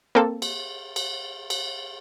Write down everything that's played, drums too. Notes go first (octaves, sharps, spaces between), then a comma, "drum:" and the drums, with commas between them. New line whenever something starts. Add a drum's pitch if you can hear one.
A#3 C4 A4
drum: cymbal
drum: cymbal
drum: cymbal